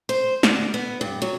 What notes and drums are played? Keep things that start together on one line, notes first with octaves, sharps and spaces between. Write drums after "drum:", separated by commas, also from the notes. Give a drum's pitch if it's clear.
C5
D3, drum: snare
B3
G2
F#3